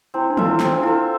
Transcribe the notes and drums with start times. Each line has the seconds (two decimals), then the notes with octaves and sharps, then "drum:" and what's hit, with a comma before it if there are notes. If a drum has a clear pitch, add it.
0.14 C4 E4
0.30 D4
0.37 F4 A4 E5, drum: tom D#3
0.45 E4
0.60 C4, drum: snare
0.72 D4
0.83 E4 F4 A4 E5